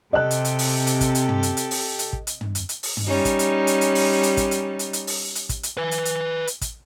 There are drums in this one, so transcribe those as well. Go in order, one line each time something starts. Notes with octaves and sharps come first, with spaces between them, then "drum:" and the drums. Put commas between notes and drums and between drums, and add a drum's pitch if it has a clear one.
C3 G4 A4 D#5 F#6
drum: hi-hat
drum: hi-hat
drum: open hi-hat
drum: hi-hat
drum: kick, hi-hat
drum: hi-hat
drum: tom
drum: hi-hat
drum: hi-hat
drum: open hi-hat
drum: hi-hat
drum: kick
drum: hi-hat
drum: tom
drum: hi-hat
drum: hi-hat
drum: open hi-hat
drum: tom
G3 C#4 D#4
drum: kick, hi-hat
drum: hi-hat
drum: hi-hat
drum: hi-hat
drum: open hi-hat
drum: hi-hat
drum: kick, hi-hat
drum: hi-hat
drum: hi-hat
drum: hi-hat
drum: open hi-hat
drum: hi-hat
drum: kick, hi-hat
drum: hi-hat
B4 G#5
drum: hi-hat
drum: hi-hat
drum: hi-hat
drum: kick, hi-hat